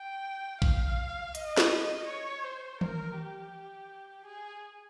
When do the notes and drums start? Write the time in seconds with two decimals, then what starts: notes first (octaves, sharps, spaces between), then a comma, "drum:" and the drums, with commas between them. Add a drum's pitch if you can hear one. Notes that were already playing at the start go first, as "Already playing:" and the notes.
Already playing: G5
0.62 F5, drum: kick A#1
1.35 D#5, drum: hi-hat
1.57 drum: snare
2.07 C#5
2.44 C5
2.81 A#4, drum: tom D#3
3.17 G4
4.26 G#4